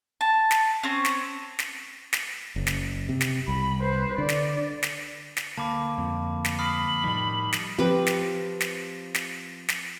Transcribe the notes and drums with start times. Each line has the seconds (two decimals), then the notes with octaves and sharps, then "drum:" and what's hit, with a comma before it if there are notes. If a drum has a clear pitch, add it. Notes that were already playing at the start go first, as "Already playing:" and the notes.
0.21 A5
0.51 drum: snare
0.83 C4 C#4
1.05 drum: snare
1.59 drum: snare
2.13 drum: snare
2.56 F#1
2.67 drum: snare
3.09 C3
3.21 drum: snare
3.48 C2 B5
3.79 B4 C5
4.18 D3 D5
4.29 drum: snare
4.83 drum: snare
5.37 drum: snare
5.58 D2 A#3 A5 B5 D6
5.98 F2 F3
6.45 drum: snare
6.59 B5 D#6 F6 C7
7.04 A2 D#3 F3 G3
7.53 drum: snare
7.78 F3 C4 G4 B4
8.07 drum: snare
8.61 drum: snare
9.15 drum: snare
9.69 drum: snare